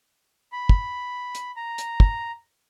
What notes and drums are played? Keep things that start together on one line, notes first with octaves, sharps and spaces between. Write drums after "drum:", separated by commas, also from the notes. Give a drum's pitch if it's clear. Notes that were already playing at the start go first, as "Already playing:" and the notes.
B5
drum: kick
drum: hi-hat
A#5
drum: hi-hat
drum: kick